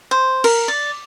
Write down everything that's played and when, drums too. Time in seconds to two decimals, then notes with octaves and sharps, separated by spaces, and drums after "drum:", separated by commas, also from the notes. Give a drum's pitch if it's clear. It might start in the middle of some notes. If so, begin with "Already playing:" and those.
0.11 C5
0.44 A#4, drum: cymbal
0.68 D5